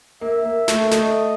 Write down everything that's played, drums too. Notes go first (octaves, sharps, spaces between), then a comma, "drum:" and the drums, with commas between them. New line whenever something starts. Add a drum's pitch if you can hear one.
A#3 E5
A#3
A3, drum: snare
A3 D#5, drum: snare